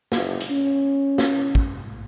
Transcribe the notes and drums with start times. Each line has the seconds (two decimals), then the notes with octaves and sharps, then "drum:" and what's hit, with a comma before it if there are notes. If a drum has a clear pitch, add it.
0.12 F#1, drum: snare
0.41 drum: hi-hat
0.50 C#4
1.18 drum: snare
1.55 drum: kick